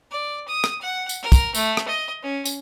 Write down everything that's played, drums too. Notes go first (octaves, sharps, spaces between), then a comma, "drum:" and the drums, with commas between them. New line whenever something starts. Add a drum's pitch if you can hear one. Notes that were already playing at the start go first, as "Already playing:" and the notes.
D5
D#6
drum: rim click
F#5
drum: tambourine
A#4
drum: kick, tambourine
A3, drum: tambourine
drum: rim click
D#5
C#4
drum: tambourine